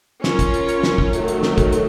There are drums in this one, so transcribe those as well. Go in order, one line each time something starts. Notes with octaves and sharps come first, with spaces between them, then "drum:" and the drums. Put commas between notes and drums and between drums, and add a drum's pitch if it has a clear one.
C#4 F4 A#4 C#5, drum: snare
drum: kick, hi-hat
drum: hi-hat
drum: hi-hat
drum: snare
drum: kick
D#3 F#3 A3, drum: hi-hat
drum: hi-hat
drum: snare
drum: kick, hi-hat
drum: hi-hat